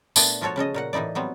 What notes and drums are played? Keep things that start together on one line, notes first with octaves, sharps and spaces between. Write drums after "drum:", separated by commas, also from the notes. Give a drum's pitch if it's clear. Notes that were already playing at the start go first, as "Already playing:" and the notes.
A#2 A3 B3 D4 D5 G#5, drum: tambourine
F3 F4 F#4 A4 C#5
C#3 C#4 A4 D#5
A#2 A#4 F#5
A2 E3 D#4 E4 D5
F#3 G3 B3 C4